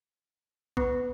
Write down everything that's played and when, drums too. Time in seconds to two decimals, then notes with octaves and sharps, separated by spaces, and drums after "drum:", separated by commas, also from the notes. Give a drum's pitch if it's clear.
0.77 B3, drum: kick A1